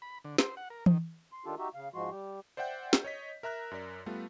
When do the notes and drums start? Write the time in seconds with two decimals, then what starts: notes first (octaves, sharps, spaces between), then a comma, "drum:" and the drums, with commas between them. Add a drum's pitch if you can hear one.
0.02 B5
0.25 D3
0.38 C5, drum: snare
0.57 F#5
0.70 A#4
0.86 D#3, drum: tom E3
1.32 C6
1.46 D#3 D4 F4 G4 A4
1.59 D#4 F#4 G4 E5
1.74 C#3 F5
1.94 G#2 F3 G#3 F#4 C6
2.11 G3 G4
2.57 C5 D5 E5 F#5 G5 G6
2.93 drum: snare
3.04 C#5 D#5 B6
3.43 A#4 E5 A#5 F#6 A#6
3.71 F#2 A#4 D5 B6
4.06 G3 A3 B3 F4